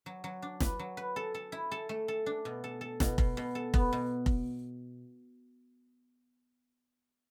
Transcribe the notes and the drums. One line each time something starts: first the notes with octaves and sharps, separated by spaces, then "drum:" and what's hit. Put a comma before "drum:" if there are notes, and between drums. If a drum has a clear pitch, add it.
F#3
F#3
D4
B4, drum: snare
F#3
B4
A4
A4
E4
A4
A3
A4
D4
B2
A4
A4
B2, drum: snare
B2, drum: kick F1
B2
A4
B3, drum: kick F1
B2
drum: kick F1